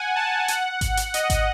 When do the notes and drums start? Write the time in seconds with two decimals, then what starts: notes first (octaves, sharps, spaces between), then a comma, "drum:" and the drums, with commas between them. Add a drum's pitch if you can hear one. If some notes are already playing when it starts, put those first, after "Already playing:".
Already playing: F#5 G#5
0.16 A5
0.48 F#5, drum: hi-hat
0.81 drum: kick G#1, hi-hat
0.97 drum: hi-hat
1.14 D#5, drum: hi-hat
1.30 drum: kick G#1, hi-hat